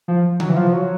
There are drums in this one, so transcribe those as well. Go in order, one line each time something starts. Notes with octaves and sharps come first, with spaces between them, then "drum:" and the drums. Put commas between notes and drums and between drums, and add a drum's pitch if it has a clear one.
F3
F#3, drum: tom C#3
E3
F3
F#3